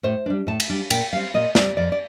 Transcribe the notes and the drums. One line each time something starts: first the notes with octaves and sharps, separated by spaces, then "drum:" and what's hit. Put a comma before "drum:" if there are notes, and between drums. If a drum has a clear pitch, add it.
A2 C5
G3 D4
A2 A5
drum: cymbal
G3 D4
A#2 G5, drum: cymbal
G3 C4 F5
A#2 D#5
G3 C4 D5, drum: snare
F2 D5
D5